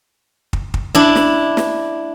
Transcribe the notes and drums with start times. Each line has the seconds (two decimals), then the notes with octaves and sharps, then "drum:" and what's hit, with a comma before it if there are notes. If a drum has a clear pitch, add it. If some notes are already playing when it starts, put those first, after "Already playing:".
0.53 drum: kick
0.74 drum: kick
0.95 D4 E4
1.15 drum: snare
1.57 drum: snare